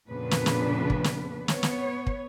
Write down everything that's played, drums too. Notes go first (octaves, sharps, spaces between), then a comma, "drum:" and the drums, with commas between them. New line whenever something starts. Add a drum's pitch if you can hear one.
F2 A#2 C#3 B3 D4 B4
drum: snare
drum: snare
drum: kick
drum: snare
B3 C#5, drum: snare
drum: snare
drum: kick